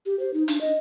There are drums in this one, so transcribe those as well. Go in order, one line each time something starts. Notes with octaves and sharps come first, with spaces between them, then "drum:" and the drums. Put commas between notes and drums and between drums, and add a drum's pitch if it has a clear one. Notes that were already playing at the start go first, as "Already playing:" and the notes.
G4
C5
D#4
D4, drum: hi-hat
D#5